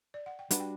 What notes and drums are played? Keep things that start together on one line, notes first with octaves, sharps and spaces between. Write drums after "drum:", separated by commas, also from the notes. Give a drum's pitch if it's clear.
D5
F#5
G5
G3 D4 F#4 B4 F#5, drum: hi-hat
G5